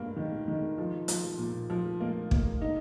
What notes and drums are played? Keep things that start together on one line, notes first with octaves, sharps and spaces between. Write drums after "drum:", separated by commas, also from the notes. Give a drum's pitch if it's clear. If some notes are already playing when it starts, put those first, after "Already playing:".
Already playing: G2 A#3
D#3
D#3
F3
F3, drum: hi-hat
A#2
F3
A#3
A#3, drum: kick
D#4